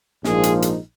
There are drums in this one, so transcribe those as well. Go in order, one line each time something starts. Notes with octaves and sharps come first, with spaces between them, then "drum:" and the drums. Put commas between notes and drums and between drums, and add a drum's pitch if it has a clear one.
A#1 G#2 F3 A#3 D#4 G#4, drum: snare
drum: hi-hat
drum: hi-hat